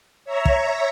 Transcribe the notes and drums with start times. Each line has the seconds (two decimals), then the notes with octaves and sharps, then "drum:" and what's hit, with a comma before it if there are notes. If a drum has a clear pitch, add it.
0.25 C#5 E5 A#5
0.45 drum: kick